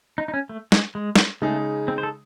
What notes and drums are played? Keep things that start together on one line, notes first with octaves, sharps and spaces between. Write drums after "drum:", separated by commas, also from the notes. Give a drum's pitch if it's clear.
D#4
D#4
C#4
A3
G#3, drum: snare
G#3
drum: snare
C#3 G#3 A3 D#4 G#4
C4
C5
A4